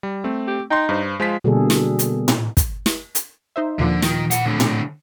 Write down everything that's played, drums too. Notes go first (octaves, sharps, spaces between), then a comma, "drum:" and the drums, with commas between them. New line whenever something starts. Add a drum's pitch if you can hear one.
G3
A3 C4
G4
D#4 G5 C6
G2 C5
F3 G#3 F4 B6
B2 D3 G3 A#3 G#4 A4
drum: snare
drum: hi-hat
drum: tom A2
drum: kick, hi-hat
drum: snare
drum: hi-hat
D#4 C5 E5
D#2 A#2 D3 F3
D#3, drum: snare
E4 F#5, drum: hi-hat
A2 D3
drum: tom A2